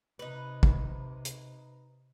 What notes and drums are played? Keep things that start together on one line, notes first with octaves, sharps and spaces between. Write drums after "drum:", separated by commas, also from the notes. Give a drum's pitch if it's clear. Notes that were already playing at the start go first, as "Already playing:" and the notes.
C3 D#4 B4
drum: kick
drum: hi-hat